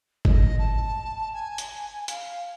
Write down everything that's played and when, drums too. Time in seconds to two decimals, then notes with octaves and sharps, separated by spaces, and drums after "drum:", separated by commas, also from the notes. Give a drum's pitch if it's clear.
0.25 D#5, drum: kick
0.58 A5
1.33 G#5
1.58 drum: hi-hat
2.08 F5, drum: hi-hat